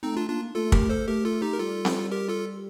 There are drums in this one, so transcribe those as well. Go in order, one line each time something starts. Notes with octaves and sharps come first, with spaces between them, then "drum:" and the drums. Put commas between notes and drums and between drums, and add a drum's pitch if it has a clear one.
A3 C4 D#4
D4 F4
A#3 D4 F4
A3 F4 A4
G4 A#4, drum: kick
A4 C5
A3 G4 A#4
F4 A4
D#4 G4
A#4
G3 F4 A4
drum: snare C4
G4 A#4
F4 A4